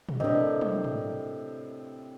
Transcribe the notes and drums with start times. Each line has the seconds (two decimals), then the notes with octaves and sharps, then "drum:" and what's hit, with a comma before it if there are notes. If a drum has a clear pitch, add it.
0.09 drum: tom
0.20 A2 C3 D4 A#4 D#5
0.61 drum: tom
0.84 drum: tom